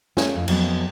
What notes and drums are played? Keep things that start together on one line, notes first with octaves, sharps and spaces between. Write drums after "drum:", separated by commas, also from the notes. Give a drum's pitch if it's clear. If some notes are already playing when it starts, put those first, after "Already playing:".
C#4 G#4, drum: snare
F2
F2 F#3 B3, drum: cymbal